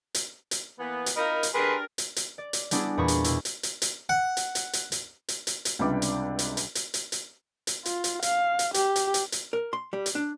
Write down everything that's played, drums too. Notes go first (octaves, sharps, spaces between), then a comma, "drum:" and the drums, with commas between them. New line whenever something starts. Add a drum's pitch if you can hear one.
drum: hi-hat
drum: hi-hat
E3 A#3 B3
drum: hi-hat
D#4 F4 A#4 D#5 B5
drum: hi-hat
D4 G4 G#4 A#4 B4 C6
drum: hi-hat
drum: hi-hat
D5
drum: hi-hat
G3 B3 D4 E4 F#4 G#4, drum: hi-hat
E2 A#2 B5 C#6 D#6
drum: hi-hat
B2 E4, drum: hi-hat
drum: hi-hat
drum: hi-hat
drum: hi-hat
F#5
drum: hi-hat
drum: hi-hat
drum: hi-hat
drum: hi-hat
drum: hi-hat
drum: hi-hat
drum: hi-hat
C#2 C3 G3 D4 B4 D6
drum: hi-hat
drum: hi-hat
drum: hi-hat
drum: hi-hat
drum: hi-hat
drum: hi-hat
drum: hi-hat
F4, drum: hi-hat
drum: hi-hat
F5, drum: hi-hat
drum: hi-hat
G4, drum: hi-hat
drum: hi-hat
drum: hi-hat
drum: hi-hat
A#4
C6
G3
drum: hi-hat
D4